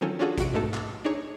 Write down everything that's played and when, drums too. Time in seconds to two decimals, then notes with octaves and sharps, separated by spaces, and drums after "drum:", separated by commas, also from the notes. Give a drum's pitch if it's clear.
0.01 D#3 F3 F#3 C4 C#4 A4
0.19 C#4 D4 F4 F#4 G#4 A4
0.38 F2 C3 F#4 D7, drum: kick, hi-hat
0.54 G#2 B2 G#3 A3 D#4 A4
0.74 drum: clap
1.05 D4 D#4 G#4 C#5